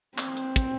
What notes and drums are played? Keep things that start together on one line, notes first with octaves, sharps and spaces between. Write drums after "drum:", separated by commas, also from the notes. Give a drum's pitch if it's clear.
C4, drum: clap
drum: hi-hat
drum: kick, hi-hat